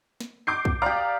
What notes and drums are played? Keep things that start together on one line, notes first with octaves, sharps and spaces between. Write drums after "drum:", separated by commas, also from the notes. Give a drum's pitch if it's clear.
drum: snare
D6 G6 C7
drum: kick
G4 D5 F5 A#5 D#6